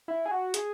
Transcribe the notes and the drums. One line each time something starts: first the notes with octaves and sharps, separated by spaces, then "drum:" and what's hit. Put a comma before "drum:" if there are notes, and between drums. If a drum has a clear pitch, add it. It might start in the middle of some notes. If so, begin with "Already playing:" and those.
E4
G#4
F#4
G#4, drum: hi-hat